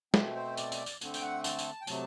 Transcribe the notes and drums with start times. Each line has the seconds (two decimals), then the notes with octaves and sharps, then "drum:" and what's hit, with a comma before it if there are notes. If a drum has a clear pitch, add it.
0.14 B2 A3 C4, drum: snare
0.35 C5
0.57 D5, drum: tambourine
0.72 drum: tambourine
0.86 drum: tambourine
1.01 D3 A3 C4, drum: tambourine
1.14 G5, drum: tambourine
1.22 F#5
1.44 A5, drum: tambourine
1.59 drum: tambourine
1.82 G5
1.87 C3 F#3 A3 A5, drum: tambourine